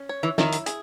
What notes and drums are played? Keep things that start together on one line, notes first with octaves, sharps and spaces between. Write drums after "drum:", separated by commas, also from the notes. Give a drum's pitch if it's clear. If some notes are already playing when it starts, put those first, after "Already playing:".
Already playing: C#4
C#5
E3
D#3 E4, drum: snare
drum: hi-hat
G#4, drum: hi-hat